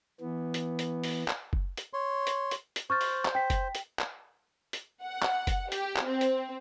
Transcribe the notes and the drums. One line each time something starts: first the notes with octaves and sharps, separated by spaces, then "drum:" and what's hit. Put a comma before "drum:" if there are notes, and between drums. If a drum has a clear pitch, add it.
E3 B3
drum: hi-hat
drum: hi-hat
drum: open hi-hat
drum: clap
drum: kick F#1
drum: hi-hat
C#5 C6
drum: hi-hat
drum: hi-hat
drum: hi-hat
C5 C#6 F6 A6
drum: open hi-hat
drum: clap
G5 B6
drum: kick F#1, hi-hat
drum: hi-hat
drum: clap
drum: hi-hat
F#5
drum: clap
drum: kick F#1, hi-hat
G4, drum: hi-hat
drum: clap
C4
drum: hi-hat